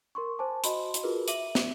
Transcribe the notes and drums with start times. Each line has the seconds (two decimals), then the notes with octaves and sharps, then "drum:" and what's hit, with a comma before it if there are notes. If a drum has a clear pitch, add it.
0.15 A#4 C6 C#6
0.39 C5 G#5 A5 D6
0.64 F#4 D#5 B5 C6, drum: hi-hat
0.94 drum: hi-hat
1.04 F4 F#4 G#4 A#4 B4
1.28 E5 D6 D#7 F#7, drum: hi-hat
1.55 drum: snare